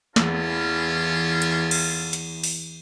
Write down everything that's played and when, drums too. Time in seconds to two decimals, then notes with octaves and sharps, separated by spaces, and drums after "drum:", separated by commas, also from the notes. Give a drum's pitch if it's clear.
0.16 E2 E3 C#4 F4 A4, drum: snare
1.42 drum: cymbal
1.71 drum: cymbal
2.13 drum: hi-hat
2.44 drum: open hi-hat